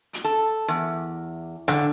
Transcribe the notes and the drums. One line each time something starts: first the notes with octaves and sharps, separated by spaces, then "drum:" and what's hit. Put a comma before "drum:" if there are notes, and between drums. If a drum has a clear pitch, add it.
drum: hi-hat
A4
E2
D3, drum: rim click